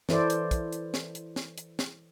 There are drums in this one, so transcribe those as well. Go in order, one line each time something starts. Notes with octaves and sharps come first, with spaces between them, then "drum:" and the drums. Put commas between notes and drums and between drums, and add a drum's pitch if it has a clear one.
E3 E4 A4 C5 D5, drum: snare
drum: hi-hat
drum: kick, hi-hat
drum: hi-hat
drum: snare
drum: hi-hat
drum: snare
drum: hi-hat
drum: snare